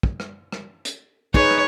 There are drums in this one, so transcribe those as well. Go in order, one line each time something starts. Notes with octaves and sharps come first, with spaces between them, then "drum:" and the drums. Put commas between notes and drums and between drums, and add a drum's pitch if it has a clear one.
drum: kick
drum: rim click
drum: rim click
drum: hi-hat
D#4 G#4 B4 C#5, drum: kick
drum: rim click